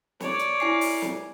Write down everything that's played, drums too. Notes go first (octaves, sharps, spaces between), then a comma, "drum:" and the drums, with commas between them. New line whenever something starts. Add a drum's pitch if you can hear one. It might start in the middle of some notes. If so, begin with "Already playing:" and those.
C#5 D5, drum: snare
drum: hi-hat
E4 G#5 C7
drum: open hi-hat
drum: snare